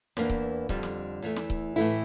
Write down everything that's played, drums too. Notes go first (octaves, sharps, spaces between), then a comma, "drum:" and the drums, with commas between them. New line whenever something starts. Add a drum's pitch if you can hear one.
E2 E3 A#3 D4, drum: snare
drum: kick C#1
F2 D3 G3, drum: kick C#1
drum: snare
E2 E3 A3
drum: snare
drum: kick C#1
A2 E3 A3 E4